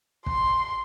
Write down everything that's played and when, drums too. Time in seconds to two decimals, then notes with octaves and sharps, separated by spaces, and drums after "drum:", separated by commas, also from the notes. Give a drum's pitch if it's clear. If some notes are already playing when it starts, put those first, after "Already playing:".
0.26 C6, drum: kick